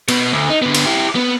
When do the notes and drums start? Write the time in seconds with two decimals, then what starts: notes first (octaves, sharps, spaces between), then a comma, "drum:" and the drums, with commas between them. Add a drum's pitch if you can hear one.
0.08 B2 B3, drum: cymbal
0.33 D2
0.50 D#4
0.62 D3 B3
0.75 drum: cymbal
0.86 E4 G4
1.16 B3